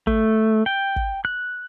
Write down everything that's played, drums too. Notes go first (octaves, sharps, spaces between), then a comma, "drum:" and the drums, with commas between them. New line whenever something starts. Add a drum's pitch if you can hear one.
A3, drum: kick
G5
drum: kick
F#6